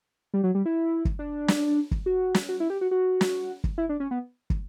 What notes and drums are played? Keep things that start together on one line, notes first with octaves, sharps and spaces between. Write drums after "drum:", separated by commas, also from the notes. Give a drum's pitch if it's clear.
G3
F#3
G3
E4
drum: kick
D4
drum: snare
drum: kick
F#4
drum: snare
F#4
E4
G4
F#4
F#4
drum: snare
drum: kick
E4
D4
C#4
B3
drum: kick